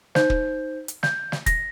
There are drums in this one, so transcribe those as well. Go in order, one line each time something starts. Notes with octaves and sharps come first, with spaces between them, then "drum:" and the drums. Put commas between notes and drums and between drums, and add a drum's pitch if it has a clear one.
D#4 C5 G6, drum: snare
drum: kick
drum: hi-hat
G6, drum: snare
drum: snare
A#6, drum: kick, hi-hat